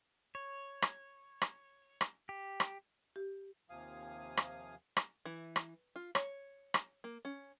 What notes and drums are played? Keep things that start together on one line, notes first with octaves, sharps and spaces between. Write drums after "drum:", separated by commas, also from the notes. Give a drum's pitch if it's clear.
C#5
drum: rim click
drum: rim click
drum: rim click
G4
drum: rim click
G4
D#2 C3 F3 F5 G#5 D#6
drum: rim click
drum: rim click
E3
drum: rim click
F4
C#5, drum: rim click
drum: rim click
A#3
C#4